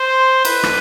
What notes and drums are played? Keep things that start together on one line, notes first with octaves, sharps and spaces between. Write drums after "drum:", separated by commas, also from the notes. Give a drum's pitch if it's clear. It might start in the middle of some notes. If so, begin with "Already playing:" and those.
Already playing: C5
B4, drum: cymbal
drum: rim click